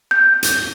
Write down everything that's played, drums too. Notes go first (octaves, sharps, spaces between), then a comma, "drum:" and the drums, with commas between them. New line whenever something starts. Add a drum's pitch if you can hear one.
G6
drum: hi-hat